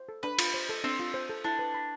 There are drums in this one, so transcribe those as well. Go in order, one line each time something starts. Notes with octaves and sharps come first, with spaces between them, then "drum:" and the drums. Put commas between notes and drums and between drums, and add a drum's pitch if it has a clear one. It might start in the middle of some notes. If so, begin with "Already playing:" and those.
Already playing: C5
A4
D4 B4
F4, drum: cymbal
C5
A4
C4 D4
F4
C5
A4
D4 E4
B4
B5